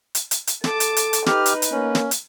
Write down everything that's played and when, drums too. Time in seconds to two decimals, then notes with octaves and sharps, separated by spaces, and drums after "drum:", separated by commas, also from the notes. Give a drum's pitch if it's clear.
0.15 drum: hi-hat
0.31 drum: hi-hat
0.47 drum: hi-hat
0.64 A4 A5 D6, drum: snare
0.80 drum: hi-hat
0.96 drum: hi-hat
1.13 drum: hi-hat
1.26 D#4 G4 B4 F6, drum: snare
1.46 drum: hi-hat
1.62 drum: hi-hat
1.71 A#3 C#4
1.95 drum: snare
2.11 drum: hi-hat